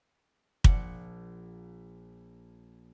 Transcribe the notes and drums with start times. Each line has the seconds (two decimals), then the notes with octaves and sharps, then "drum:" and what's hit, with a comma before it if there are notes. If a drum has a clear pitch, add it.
0.64 A#1 F3 F#5 C#7, drum: kick